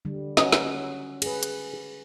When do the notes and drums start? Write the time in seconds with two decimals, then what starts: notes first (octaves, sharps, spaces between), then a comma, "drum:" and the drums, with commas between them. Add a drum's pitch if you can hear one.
0.05 D3 G3
0.37 C#4 F#4 D#5, drum: snare
0.52 drum: snare
1.22 G#4 B4, drum: cymbal
1.43 drum: hi-hat